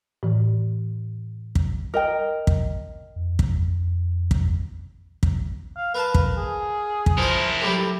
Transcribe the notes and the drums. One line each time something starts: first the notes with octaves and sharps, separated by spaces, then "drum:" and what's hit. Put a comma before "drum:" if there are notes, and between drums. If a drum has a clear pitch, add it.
A2 E3
drum: kick
A#4 D#5 G5
drum: kick
F2
drum: kick
drum: kick
drum: kick
F5
A#4 B4 F5 A5
drum: kick
G#4
drum: kick
F3 E4 A#4 C5
A2 F#3 G3 G4